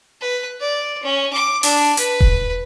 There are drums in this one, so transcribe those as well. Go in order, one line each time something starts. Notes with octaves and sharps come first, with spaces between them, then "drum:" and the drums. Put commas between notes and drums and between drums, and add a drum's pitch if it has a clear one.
B4
D5
C#4
D6
D4, drum: open hi-hat
B4, drum: hi-hat
drum: kick E1